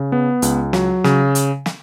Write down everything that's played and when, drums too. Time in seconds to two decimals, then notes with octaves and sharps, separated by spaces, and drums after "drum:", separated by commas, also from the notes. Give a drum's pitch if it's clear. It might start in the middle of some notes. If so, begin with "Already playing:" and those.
Already playing: C#3
0.12 B3
0.42 C#2, drum: hi-hat
0.73 F#3, drum: snare
1.04 C#3, drum: snare
1.35 drum: hi-hat
1.66 drum: snare